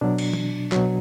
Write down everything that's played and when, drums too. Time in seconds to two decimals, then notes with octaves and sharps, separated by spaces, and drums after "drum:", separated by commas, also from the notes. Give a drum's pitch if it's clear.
0.01 B2 F#3 D4
0.18 drum: cymbal
0.33 drum: tom E3
0.72 B2 F#3, drum: clap